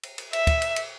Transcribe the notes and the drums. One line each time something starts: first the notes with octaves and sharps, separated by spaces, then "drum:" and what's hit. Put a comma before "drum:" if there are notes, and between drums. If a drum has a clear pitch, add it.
drum: cymbal
drum: cymbal
E5, drum: cymbal
drum: kick, cymbal
drum: cymbal
drum: cymbal